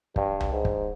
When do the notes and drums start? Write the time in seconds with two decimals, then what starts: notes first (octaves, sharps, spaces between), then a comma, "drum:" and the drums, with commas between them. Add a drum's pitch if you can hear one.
0.16 G2, drum: kick
0.40 drum: tom C2
0.52 G#2
0.65 drum: kick